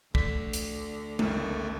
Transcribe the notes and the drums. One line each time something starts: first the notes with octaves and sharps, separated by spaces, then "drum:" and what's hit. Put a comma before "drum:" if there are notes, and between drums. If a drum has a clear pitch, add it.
D2 D3 B6, drum: kick
drum: hi-hat
G1 C#2 D#3 A3, drum: tom G#3